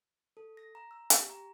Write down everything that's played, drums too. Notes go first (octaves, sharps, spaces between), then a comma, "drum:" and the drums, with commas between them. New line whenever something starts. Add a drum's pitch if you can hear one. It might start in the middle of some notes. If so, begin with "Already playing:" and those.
A4
A#6
A#5
E6
G4, drum: hi-hat
A#5